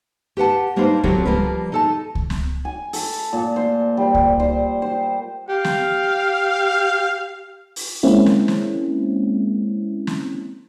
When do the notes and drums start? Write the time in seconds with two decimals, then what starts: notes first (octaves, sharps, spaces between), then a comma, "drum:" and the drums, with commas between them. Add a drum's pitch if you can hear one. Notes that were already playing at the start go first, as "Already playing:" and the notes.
0.37 G4 B4 F#5 A5
0.76 G3 A#3 D4 D#4 B4 C5
1.03 D3 F#3 C4 F4 G4 A#4, drum: kick C#2
1.25 D3 F3 G3 A#3 A#4 B4
1.72 D#4 A4 A5
2.15 drum: kick C#2
2.30 drum: snare
2.65 G#5
2.93 A4, drum: open hi-hat
3.33 A#2
3.56 C5
3.97 G3
4.15 drum: kick C#2
4.40 C5
4.82 C5
5.49 G4 F5
5.64 drum: snare
7.76 drum: open hi-hat
8.03 G#3 A#3 C4 C#4 E4
8.26 drum: snare
8.48 drum: snare
10.07 drum: snare